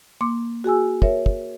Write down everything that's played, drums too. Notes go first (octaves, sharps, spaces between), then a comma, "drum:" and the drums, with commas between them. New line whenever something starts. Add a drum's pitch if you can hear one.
A#3 C6 D6
F#4 G#4 G#5 E6
A#4 C#5 E5, drum: kick
drum: kick